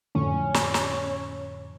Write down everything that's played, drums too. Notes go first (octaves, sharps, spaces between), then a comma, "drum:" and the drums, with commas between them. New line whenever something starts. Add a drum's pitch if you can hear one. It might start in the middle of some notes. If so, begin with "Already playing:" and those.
F2 A2 D3 C#4
drum: snare
drum: snare